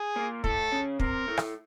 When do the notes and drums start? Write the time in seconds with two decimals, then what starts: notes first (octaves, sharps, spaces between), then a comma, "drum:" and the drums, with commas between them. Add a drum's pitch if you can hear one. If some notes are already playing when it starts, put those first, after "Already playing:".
Already playing: G#4
0.16 A#2 A#3
0.44 A2 A3 A4, drum: kick
0.72 C#3 C#4
1.00 C3 C4 A#4, drum: kick
1.28 A2 A3
1.37 drum: rim click